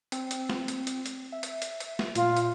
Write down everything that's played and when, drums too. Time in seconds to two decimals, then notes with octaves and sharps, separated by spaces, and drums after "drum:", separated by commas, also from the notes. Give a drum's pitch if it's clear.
0.12 C4, drum: hi-hat
0.31 drum: hi-hat
0.50 drum: snare
0.68 drum: hi-hat
0.87 drum: hi-hat
1.06 drum: hi-hat
1.32 E5
1.43 drum: hi-hat
1.62 drum: hi-hat
1.80 drum: hi-hat
1.99 drum: snare
2.15 A#2 F4, drum: hi-hat
2.37 drum: hi-hat